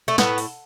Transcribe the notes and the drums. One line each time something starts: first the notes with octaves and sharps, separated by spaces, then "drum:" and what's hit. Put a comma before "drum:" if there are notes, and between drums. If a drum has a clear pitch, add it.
A3
A2 B3, drum: snare
drum: open hi-hat